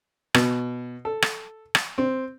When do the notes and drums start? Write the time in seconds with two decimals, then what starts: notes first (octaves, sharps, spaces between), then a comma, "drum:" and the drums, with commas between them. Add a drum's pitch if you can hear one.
0.34 B2, drum: rim click
1.05 A4
1.22 drum: rim click
1.75 drum: rim click
1.98 C4